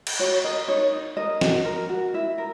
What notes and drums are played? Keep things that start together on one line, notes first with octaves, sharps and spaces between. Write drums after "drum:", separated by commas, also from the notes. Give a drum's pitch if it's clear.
drum: cymbal
F#4 C#5
A#4 D#5
D#4 C#5
D#4
A#4 D#5
F#4, drum: snare
A#4
F#4
E4 E5
A#4